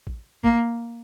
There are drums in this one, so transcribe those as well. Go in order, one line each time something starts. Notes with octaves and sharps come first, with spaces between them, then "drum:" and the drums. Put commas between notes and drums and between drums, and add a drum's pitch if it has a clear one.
drum: kick A1
A#3, drum: kick A1